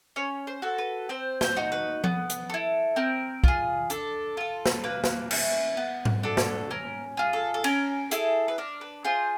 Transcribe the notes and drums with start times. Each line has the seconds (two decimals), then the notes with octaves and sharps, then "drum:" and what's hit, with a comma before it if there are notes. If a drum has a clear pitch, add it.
0.16 C#4 C#5
0.47 C5
0.62 F#4 A4
0.78 B4
1.09 C4 C5
1.41 C5, drum: snare
1.56 D#4 F#4
1.72 B4
2.04 B3, drum: tom F3
2.30 drum: hi-hat
2.50 E4 A4
2.96 C4 A#4
3.44 F4 G#4, drum: kick
3.90 D4 A4, drum: hi-hat
4.37 F4 A4
4.66 drum: snare
4.84 A#3 B4
5.04 drum: snare
5.31 C#4 E4, drum: cymbal
5.77 B3
6.05 drum: tom G#2
6.23 D4 F#4 A4
6.37 drum: snare
6.71 C#4 A#4
7.17 F4 G#4
7.33 A4
7.54 A4
7.64 C#4 A#4, drum: cymbal
8.11 E4 G#4 A4, drum: hi-hat
8.48 B4
8.58 D4 A#4
8.81 B4
9.05 F4 G#4 C5